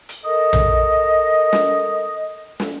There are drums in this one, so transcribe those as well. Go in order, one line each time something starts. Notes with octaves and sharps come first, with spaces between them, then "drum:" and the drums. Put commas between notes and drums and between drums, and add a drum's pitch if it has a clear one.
drum: hi-hat
A4 A#4 D#5
drum: tom A#1
drum: snare
drum: snare